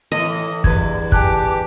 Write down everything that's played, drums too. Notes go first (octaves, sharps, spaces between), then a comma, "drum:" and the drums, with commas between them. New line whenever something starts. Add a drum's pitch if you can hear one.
A2 E3 D#5
E2 G2 B4 G#6, drum: kick
G4 G#5 A5 F#6, drum: kick